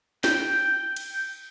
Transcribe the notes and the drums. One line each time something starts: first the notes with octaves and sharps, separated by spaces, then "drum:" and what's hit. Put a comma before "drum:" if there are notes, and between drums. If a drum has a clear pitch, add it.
G5, drum: snare
drum: cymbal